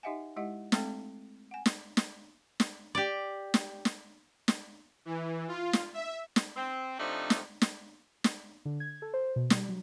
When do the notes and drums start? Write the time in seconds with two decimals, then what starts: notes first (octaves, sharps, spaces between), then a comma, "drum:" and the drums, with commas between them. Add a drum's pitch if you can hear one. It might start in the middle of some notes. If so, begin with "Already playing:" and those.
0.03 D#4 G4 D#5 E5 F#5 G#5
0.36 G#3 E4 G4 D#5 F#5
0.72 G#3 A3 C4 A4 G5, drum: snare
1.51 F#5 G#5
1.66 drum: snare
1.97 drum: snare
2.60 drum: snare
2.95 G4 D5
3.54 drum: snare
3.85 drum: snare
4.48 drum: snare
5.05 E3
5.48 F4
5.73 drum: snare
5.94 E5
6.36 drum: snare
6.56 C4
6.99 C3 F3 A3 D4 D#4
7.30 drum: snare
7.62 drum: snare
8.24 drum: snare
8.65 D3
8.80 G#6
9.02 A4
9.14 C5
9.36 B2
9.50 G3, drum: snare
9.69 F#3